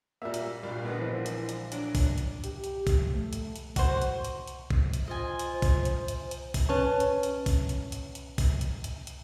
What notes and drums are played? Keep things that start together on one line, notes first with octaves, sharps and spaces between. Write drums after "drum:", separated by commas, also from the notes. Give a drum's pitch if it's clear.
A#2 G3 A#3 E5
drum: hi-hat
C2 G2 A#2 G3 F4
D3 G#3 B3 E4
A#1 E3 C4
F3
drum: hi-hat
drum: hi-hat
F#3 D4, drum: hi-hat
drum: kick, open hi-hat
drum: hi-hat
G4, drum: hi-hat
drum: hi-hat
drum: kick, open hi-hat
F3
A3
drum: hi-hat
drum: hi-hat
F#4 C5, drum: kick, open hi-hat
drum: hi-hat
drum: hi-hat
drum: hi-hat
drum: kick
drum: hi-hat
F4 C5 D#5 G#5
drum: hi-hat
drum: kick, open hi-hat
drum: hi-hat
drum: hi-hat
drum: hi-hat
drum: kick, open hi-hat
C#4 B4 C#5 A5 C#6
drum: hi-hat
drum: hi-hat
drum: kick, open hi-hat
drum: hi-hat
drum: hi-hat
drum: hi-hat
drum: kick, open hi-hat
drum: hi-hat
drum: hi-hat
drum: hi-hat